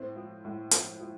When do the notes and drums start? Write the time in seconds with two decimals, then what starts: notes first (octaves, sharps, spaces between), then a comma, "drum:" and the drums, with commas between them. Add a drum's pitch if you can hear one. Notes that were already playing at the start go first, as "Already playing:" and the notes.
Already playing: A2 C4
0.16 F3
0.45 A2
0.71 F3, drum: hi-hat
1.00 F3